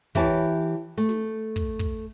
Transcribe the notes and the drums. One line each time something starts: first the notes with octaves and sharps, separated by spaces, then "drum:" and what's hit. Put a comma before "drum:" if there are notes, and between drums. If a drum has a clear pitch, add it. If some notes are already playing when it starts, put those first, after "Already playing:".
E3 G4 C#5 A5, drum: kick
A3
drum: snare
drum: kick
drum: kick